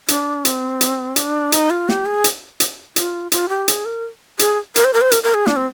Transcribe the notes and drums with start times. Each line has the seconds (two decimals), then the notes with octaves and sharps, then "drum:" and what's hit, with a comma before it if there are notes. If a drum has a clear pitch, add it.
0.08 D4, drum: hi-hat
0.45 C4, drum: hi-hat
0.81 drum: hi-hat
1.16 D4, drum: hi-hat
1.52 D#4, drum: hi-hat
1.70 F4
1.89 G4, drum: snare
2.06 G#4
2.24 drum: hi-hat
2.60 drum: hi-hat
2.96 F4, drum: hi-hat
3.32 F4, drum: hi-hat
3.49 G4
3.68 G#4, drum: hi-hat
3.85 A#4
4.39 G#4, drum: hi-hat
4.76 A#4, drum: hi-hat
4.84 C5
4.94 A#4
5.01 C5
5.11 A#4, drum: hi-hat
5.23 A#4
5.34 G#4
5.47 D4, drum: snare
5.56 C4